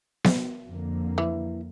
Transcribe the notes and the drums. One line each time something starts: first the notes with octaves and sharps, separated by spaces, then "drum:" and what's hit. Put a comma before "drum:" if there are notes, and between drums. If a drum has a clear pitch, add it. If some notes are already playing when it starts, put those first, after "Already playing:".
drum: snare B3
F2 D3 A#3
E3